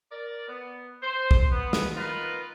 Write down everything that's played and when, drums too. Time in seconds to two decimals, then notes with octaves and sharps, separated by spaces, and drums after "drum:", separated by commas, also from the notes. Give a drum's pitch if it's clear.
0.11 A#4 D5
0.48 B3
1.03 C5
1.31 drum: kick
1.52 B3
1.73 drum: snare
1.96 B3 D#4 F4 A#4 B4